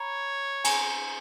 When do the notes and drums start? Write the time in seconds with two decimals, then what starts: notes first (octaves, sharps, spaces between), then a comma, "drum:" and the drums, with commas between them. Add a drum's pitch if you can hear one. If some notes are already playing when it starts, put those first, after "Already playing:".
Already playing: C#5 A#5 B5
0.64 G#5, drum: cymbal